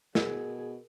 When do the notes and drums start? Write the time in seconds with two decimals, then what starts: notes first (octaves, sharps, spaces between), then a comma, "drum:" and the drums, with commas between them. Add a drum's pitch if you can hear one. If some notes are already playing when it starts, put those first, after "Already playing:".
0.15 B2 G#4 A#4, drum: snare